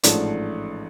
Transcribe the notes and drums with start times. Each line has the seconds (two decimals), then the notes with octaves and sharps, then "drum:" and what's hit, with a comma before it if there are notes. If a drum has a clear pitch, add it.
0.03 A1 G#2 F3 A3 D4, drum: hi-hat